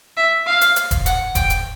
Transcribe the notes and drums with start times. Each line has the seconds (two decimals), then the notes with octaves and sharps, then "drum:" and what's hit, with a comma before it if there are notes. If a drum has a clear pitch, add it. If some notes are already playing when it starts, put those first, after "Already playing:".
0.17 E5
0.46 F5
0.61 drum: hi-hat
0.76 drum: hi-hat
0.91 drum: kick E1, hi-hat
1.06 F#5, drum: hi-hat
1.35 G5, drum: kick E1, hi-hat
1.50 drum: hi-hat